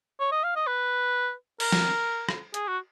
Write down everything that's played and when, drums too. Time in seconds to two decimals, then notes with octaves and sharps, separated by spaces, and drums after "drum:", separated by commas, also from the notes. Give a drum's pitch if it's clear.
0.20 C#5
0.32 D#5
0.43 F5
0.56 D#5
0.67 B4
1.60 A#4, drum: cymbal
1.72 drum: snare
2.29 drum: rim click
2.54 G#4, drum: hi-hat
2.68 F#4